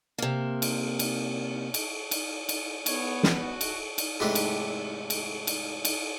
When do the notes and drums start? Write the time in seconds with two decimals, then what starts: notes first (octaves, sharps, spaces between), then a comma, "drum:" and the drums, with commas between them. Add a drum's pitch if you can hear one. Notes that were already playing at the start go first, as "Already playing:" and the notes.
0.18 C3 A#3
0.62 drum: cymbal
0.99 drum: cymbal
1.74 drum: cymbal
2.11 drum: cymbal
2.49 drum: cymbal
2.86 B3 C#5, drum: cymbal
3.23 drum: snare
3.39 F#4
3.61 drum: cymbal
3.98 drum: cymbal
4.20 G#2 C3 E3 A3 D4 G4
4.35 drum: cymbal
5.10 drum: cymbal
5.47 drum: cymbal
5.85 drum: cymbal